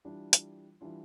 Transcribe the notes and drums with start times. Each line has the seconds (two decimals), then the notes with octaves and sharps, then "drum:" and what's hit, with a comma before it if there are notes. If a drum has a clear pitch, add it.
0.05 E3 G3 D4 F4
0.33 drum: hi-hat
0.81 E3 G3 D4 F4